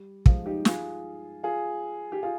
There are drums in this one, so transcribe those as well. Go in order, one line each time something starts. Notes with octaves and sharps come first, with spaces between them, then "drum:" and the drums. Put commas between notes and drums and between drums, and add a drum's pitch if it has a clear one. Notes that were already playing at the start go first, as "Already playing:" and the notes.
Already playing: G3
F3 G#3, drum: kick
D#4 G4
F4 G#4, drum: snare
F4 G#4
G4
F4 G#4